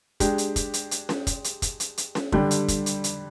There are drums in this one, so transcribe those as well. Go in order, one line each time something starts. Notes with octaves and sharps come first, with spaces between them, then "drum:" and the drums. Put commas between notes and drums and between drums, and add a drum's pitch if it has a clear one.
G#3 D4 G4, drum: kick, hi-hat
drum: hi-hat
drum: kick, hi-hat
drum: hi-hat
drum: hi-hat
drum: snare C#4
drum: kick, hi-hat
drum: hi-hat
drum: kick, hi-hat
drum: hi-hat
drum: hi-hat
drum: snare C#4
D3 G3 D4 G4, drum: kick
drum: hi-hat
drum: kick, hi-hat
drum: hi-hat
drum: hi-hat